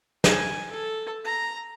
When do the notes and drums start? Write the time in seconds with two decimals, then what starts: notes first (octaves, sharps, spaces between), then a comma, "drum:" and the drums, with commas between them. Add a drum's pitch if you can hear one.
0.24 G#5, drum: snare
0.70 A4
1.25 A#5